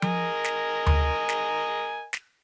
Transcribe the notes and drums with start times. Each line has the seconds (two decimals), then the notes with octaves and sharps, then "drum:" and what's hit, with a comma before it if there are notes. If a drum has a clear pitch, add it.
0.02 A#4 D#5 G#5, drum: tom F3
0.44 drum: snare
0.86 drum: tom D2
1.29 drum: snare
2.13 drum: snare